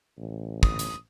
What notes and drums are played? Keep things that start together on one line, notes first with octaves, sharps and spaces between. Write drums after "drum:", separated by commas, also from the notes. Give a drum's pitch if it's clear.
A1
D#6, drum: kick
drum: hi-hat